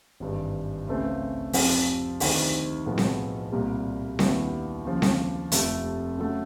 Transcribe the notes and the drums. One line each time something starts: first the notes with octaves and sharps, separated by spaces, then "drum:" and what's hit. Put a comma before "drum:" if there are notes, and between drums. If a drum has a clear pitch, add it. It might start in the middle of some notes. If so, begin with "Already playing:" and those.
G#1 G2 E3 G3
C#2 C#3 E3 A3 C4
F2 C3 F3, drum: open hi-hat
D2 C3 D#3, drum: open hi-hat
B1 A2 F3 G#3 B3
drum: snare C4
C2 A#2 G3 A#3
D#2 D3 G3 B3 E4, drum: snare C4
D#2 C#3 F3
drum: snare C4
F1 F2 C3 F3 A3, drum: hi-hat
C#3 F#3 A3